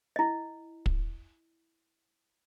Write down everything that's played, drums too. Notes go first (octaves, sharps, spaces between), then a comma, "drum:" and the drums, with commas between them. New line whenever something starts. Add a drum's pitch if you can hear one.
E4 D#5
drum: kick